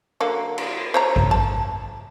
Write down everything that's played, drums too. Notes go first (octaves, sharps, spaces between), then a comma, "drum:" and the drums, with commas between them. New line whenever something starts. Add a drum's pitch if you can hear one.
D3 F#3 A#3
drum: cymbal
C5 C#5 A#5
drum: kick A1
A5